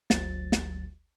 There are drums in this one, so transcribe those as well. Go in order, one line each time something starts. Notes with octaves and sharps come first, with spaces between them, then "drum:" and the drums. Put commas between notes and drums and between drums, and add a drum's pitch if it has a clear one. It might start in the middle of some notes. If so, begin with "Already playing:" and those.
G1 D2 F#3 A6, drum: snare
drum: snare